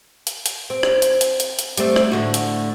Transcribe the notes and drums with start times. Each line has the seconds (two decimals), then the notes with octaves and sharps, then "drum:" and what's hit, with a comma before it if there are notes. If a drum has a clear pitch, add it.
0.27 drum: hi-hat
0.46 drum: hi-hat
0.70 C4
0.83 drum: rim click
1.02 drum: hi-hat
1.21 drum: hi-hat
1.40 drum: hi-hat
1.59 drum: hi-hat
1.77 G3 A3 C4, drum: hi-hat
1.96 drum: rim click
2.11 A2 D3 F#4
2.34 drum: hi-hat